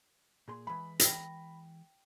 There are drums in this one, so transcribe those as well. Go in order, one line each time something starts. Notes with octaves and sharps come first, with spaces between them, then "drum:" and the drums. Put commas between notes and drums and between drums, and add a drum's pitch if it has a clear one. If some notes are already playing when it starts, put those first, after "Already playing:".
A#2 G#4 C6
E3 G#3 B5
G5 A#6, drum: hi-hat